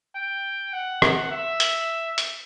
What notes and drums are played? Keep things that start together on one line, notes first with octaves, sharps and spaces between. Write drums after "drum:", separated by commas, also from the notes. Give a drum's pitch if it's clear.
G5
F#5
drum: rim click
E5
drum: hi-hat
drum: hi-hat